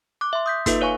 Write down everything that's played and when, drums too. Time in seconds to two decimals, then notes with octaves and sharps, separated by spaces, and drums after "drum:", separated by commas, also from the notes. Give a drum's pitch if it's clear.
0.21 D6 F#6
0.33 E5 C6
0.46 D#6 G6 B6
0.66 A#3 D#4 F4 A4 B4 E5, drum: kick, hi-hat
0.81 B4 C#5 F5 G#5 C#6